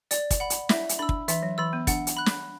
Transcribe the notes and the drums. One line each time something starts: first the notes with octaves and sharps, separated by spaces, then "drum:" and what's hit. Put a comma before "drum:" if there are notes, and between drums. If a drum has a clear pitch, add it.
D5, drum: hi-hat
drum: kick, hi-hat
F#5 B5
drum: hi-hat
E4 E5, drum: snare
drum: hi-hat
D4 B5 E6
drum: kick
E3 E5, drum: hi-hat
F#3
E3 B5 E6
B3
D4 F#5, drum: kick, hi-hat
drum: hi-hat
B5 F#6
drum: snare